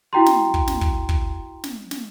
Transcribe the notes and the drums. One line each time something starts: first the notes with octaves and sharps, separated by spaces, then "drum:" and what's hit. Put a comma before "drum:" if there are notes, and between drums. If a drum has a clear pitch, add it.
E4 F#4 G5 A#5 C6
drum: snare
drum: kick
drum: snare
drum: kick
drum: kick
drum: snare
drum: snare